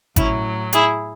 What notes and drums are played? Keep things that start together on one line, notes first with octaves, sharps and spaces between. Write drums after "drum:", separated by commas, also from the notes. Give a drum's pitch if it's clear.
A2 F#3 C#4 E4, drum: kick G#1, hi-hat
E4 G#4, drum: hi-hat